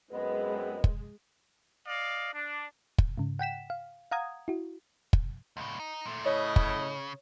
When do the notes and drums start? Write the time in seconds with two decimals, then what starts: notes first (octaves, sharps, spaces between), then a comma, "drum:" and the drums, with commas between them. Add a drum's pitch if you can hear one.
0.12 F#2 G#3 B3 C4 B4 D#5
0.84 drum: kick
1.86 D5 D#5 F5
2.33 D4
2.98 drum: kick
3.18 G#2 C#3
3.39 F#5 G5 B6 E7
3.70 F5
4.11 F5 F#5 A#5 D#6 G#6
4.48 E4 F#4
5.13 drum: kick
5.57 C#2 A2
5.79 D#4
6.06 A#2 A3
6.25 A2 C#3 C#5 D#5
6.56 drum: kick